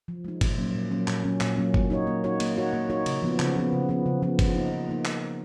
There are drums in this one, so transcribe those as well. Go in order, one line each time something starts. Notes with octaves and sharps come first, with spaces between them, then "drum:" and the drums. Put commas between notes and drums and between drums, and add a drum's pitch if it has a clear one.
F3
G#3 D#4
A#2, drum: kick G1, cymbal
F#3 A#3 C#4
A#2
F#3 A#3 C#4
A#2, drum: clap
F#3 A#3 C#4
A#2, drum: clap
F#3 A#3 C#4
A#3, drum: kick G1
D#4 F#4 C#5
A#3
D#4 F#4 C#5
A#3, drum: cymbal
D#4 F#4 C#5
A#3
D#4 F#4 C#5
C#3, drum: cymbal
F3 B3
C#3, drum: clap
F3 B3
C#3
F3 B3
C#3
F3 B3
F3, drum: kick G1, cymbal
A#3 D#4
F3
A#3 D#4
drum: clap